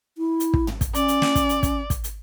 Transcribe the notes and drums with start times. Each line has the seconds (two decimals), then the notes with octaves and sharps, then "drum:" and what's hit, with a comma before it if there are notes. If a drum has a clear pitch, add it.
0.18 E4
0.40 drum: hi-hat
0.54 drum: kick
0.67 drum: tom
0.81 drum: kick, hi-hat
0.94 C#4 D5, drum: hi-hat
1.08 drum: hi-hat
1.22 drum: snare
1.35 drum: kick, hi-hat
1.49 drum: hi-hat
1.63 drum: kick, hi-hat
1.90 drum: kick, hi-hat
2.04 drum: hi-hat